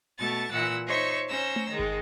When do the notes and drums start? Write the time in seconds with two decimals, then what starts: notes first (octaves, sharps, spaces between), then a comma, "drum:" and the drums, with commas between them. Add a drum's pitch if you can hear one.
0.17 B2 A3 A5 C#6 A6
0.50 A#2 E3 F#5 E6
0.86 D#4 C5 C#5 E5 C#6
1.28 C#4 C5 A#5 E6
1.56 drum: tom A3
1.69 D#3 G#3
1.79 drum: kick